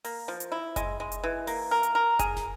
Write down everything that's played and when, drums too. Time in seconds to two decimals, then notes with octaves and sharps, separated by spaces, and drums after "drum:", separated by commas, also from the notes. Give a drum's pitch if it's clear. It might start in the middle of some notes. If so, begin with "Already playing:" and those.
0.04 A#3, drum: open hi-hat
0.28 F3
0.40 drum: hi-hat
0.52 E4
0.76 G#3, drum: kick F#1, hi-hat
1.00 G#3
1.12 drum: hi-hat
1.24 E3
1.47 A#3, drum: open hi-hat
1.71 A#4
1.83 drum: hi-hat
1.95 A#4
2.19 G#4, drum: kick F#1, hi-hat
2.37 drum: snare